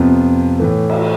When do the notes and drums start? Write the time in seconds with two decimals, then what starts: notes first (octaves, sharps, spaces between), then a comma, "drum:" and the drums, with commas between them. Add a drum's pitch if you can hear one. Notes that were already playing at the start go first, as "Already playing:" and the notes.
Already playing: F2 C3 F3 B3 F4
0.59 A2 E3 A3
0.90 drum: cymbal